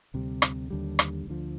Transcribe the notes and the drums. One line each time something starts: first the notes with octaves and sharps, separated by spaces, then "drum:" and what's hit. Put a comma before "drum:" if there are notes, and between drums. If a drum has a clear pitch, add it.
D2 C3 G3
drum: rim click
D#2 D3 G3
drum: rim click
D2 D3 F3